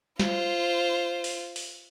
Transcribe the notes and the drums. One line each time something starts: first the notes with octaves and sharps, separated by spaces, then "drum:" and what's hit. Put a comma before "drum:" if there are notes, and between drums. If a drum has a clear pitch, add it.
F4 C5, drum: snare
drum: open hi-hat
drum: open hi-hat